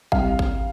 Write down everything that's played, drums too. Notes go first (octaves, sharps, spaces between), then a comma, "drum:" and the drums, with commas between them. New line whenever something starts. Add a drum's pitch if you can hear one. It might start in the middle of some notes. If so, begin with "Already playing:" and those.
C2 F5, drum: kick G#1
drum: kick G#1